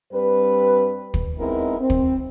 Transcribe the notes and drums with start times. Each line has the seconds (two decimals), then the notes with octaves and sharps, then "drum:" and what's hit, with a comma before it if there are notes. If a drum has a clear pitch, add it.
0.12 G2 G3 C4 B4
1.14 drum: kick
1.39 G#3 B3 C4 D#4 E4 A#4
1.80 C4
1.90 drum: kick